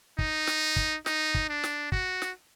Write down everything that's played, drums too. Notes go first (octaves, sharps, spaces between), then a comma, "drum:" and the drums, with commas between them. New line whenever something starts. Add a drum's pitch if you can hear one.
D#4, drum: kick
drum: snare
drum: kick
D#4, drum: snare
drum: kick
D4
drum: snare
F#4, drum: kick
drum: snare